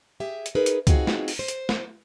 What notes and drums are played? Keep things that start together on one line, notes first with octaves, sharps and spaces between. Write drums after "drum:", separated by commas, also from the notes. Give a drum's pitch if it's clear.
G4 G#4 E5
drum: hi-hat
D#4 G#4 A#4 B4
drum: hi-hat
C4 D#4 F4 F#4 G#4, drum: kick C#2, hi-hat
drum: snare
drum: open hi-hat
C5
drum: hi-hat
drum: snare